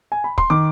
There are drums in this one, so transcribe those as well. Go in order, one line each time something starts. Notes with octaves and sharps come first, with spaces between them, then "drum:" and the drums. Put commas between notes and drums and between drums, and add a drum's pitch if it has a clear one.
G#5
B5
C6, drum: kick
D#3 D6